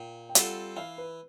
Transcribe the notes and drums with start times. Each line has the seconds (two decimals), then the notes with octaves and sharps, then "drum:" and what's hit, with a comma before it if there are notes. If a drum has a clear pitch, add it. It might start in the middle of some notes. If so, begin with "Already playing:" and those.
Already playing: A#2 G5
0.29 G5
0.35 G3 C4 F4 A4 F#5, drum: hi-hat
0.77 E3 F5
0.98 B4